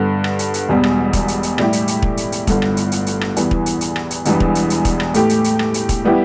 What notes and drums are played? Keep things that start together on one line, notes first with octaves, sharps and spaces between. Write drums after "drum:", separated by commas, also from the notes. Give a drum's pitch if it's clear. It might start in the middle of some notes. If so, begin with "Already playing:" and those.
Already playing: G2 D3 B3
drum: rim click
drum: hi-hat
drum: hi-hat
E1 E2 B2 G3
drum: rim click
drum: kick, hi-hat
drum: hi-hat
drum: hi-hat
A2 G3 E4 G4, drum: rim click
drum: hi-hat
drum: hi-hat
drum: kick
drum: hi-hat
drum: hi-hat
G1 G2 D3, drum: kick, hi-hat
drum: rim click
drum: hi-hat
drum: hi-hat
drum: hi-hat
drum: rim click
E2 E3 G3, drum: hi-hat
drum: kick
drum: hi-hat
drum: hi-hat
drum: rim click
drum: hi-hat
E1 E2 E3 G3 D4, drum: hi-hat
drum: kick
drum: hi-hat
drum: hi-hat
drum: kick, hi-hat
drum: rim click
A2 A3 G4, drum: hi-hat
drum: hi-hat
drum: hi-hat
drum: rim click
drum: hi-hat
drum: kick, hi-hat
G3 B3 E4 G4